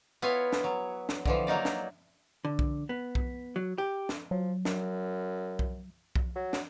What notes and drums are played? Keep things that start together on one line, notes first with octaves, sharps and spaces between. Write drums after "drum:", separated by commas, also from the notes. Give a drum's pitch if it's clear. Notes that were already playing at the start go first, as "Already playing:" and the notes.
B3 E4 F4 C#5 G#5
drum: snare
F#3
drum: snare
D3 E3 F3, drum: kick B1
F#3 A#3 D#4 D5
drum: snare
D3
drum: kick B1
B3
drum: kick B1
F#3
G4
drum: snare
F3 F#3
F#2, drum: snare
drum: kick B1
drum: kick B1
F#3
drum: snare